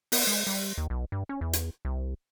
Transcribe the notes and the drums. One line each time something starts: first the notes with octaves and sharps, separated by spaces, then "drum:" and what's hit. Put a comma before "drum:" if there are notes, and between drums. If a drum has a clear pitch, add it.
B3, drum: open hi-hat
G#3
G3
D#2
B1
G2
C#4
E2
drum: hi-hat
C2